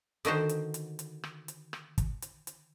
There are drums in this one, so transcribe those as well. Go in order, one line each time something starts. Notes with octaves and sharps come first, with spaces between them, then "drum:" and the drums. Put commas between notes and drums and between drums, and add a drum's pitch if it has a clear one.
D3 D#3 F#4 C5, drum: hi-hat
drum: hi-hat
drum: hi-hat
drum: hi-hat
drum: rim click
drum: hi-hat
drum: rim click
drum: kick, hi-hat
drum: hi-hat
drum: hi-hat